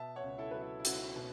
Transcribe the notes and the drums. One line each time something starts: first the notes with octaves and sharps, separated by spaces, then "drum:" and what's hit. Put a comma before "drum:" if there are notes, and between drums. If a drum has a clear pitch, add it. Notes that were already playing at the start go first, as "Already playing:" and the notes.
Already playing: B2 E5 A5
C#5 F#5
C#2
E4 A4
F#3 B4
E4 A4
E4
C#2 F#4, drum: hi-hat
B2